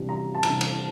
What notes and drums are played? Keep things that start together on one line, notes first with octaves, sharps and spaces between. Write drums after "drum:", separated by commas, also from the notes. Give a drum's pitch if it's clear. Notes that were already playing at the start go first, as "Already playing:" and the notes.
Already playing: C3 E3 G3 D4
A#5
A5
C3 E3 G3 D4 A#5, drum: cymbal
drum: cymbal